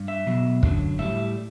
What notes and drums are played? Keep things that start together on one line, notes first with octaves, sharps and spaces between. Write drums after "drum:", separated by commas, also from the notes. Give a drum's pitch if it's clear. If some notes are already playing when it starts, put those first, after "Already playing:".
Already playing: G2
E5
B2 F#3
F#2 D3 F#3, drum: kick
A2 G3 E5